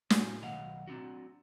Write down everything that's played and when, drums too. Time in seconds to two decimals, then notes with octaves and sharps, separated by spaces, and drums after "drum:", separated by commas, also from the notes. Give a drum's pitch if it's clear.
0.10 A2 F#4 G#5, drum: snare
0.42 B1 D#3 D#5 F5 F#5
0.87 C4 D4 F#4